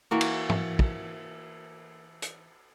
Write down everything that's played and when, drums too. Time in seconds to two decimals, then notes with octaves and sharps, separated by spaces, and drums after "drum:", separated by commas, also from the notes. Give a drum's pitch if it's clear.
0.11 E3 A#3 F#4
0.21 drum: cymbal
0.49 drum: tom
0.79 drum: kick
2.22 drum: hi-hat